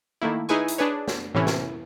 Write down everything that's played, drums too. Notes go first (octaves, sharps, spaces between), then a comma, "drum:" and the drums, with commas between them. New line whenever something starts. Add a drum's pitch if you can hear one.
D#3 A3 A#3 E4
D#4 E4 G#4 B4 G#5 C#6
drum: hi-hat
D4 G#4 B4 C#5
drum: snare
A2 C3 E3 C#4 E4
drum: snare